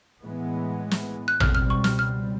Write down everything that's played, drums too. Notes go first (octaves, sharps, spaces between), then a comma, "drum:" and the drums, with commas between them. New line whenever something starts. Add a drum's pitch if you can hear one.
A2 E3 G#3 B3
drum: snare
F#6
C#2 B2 G3 C4 F6, drum: tom A1
F6
C#6
F6, drum: snare
F6